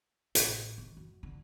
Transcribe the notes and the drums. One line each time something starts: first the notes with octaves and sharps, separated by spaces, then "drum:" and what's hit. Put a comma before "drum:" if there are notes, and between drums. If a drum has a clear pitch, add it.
A1, drum: hi-hat
D#3
F#2
D3